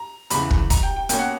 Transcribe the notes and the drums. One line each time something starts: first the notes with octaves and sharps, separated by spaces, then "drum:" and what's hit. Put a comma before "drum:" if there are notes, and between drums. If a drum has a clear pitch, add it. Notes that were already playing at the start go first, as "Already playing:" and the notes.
Already playing: A#5
E2 C#3 E3 B5, drum: hi-hat
drum: kick
A#5, drum: kick, hi-hat
G5
G5
B2 A#3 C#4 G5, drum: hi-hat
F#5